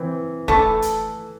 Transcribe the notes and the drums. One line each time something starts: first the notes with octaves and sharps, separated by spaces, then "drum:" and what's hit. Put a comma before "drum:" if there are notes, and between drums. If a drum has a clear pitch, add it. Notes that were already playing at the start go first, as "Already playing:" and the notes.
Already playing: E3 C4
A3 E4 A4, drum: kick
drum: hi-hat